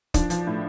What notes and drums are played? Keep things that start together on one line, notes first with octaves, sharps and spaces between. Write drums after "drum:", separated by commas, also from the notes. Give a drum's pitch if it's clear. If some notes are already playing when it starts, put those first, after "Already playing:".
F3 D4, drum: kick, hi-hat
F3, drum: hi-hat
A2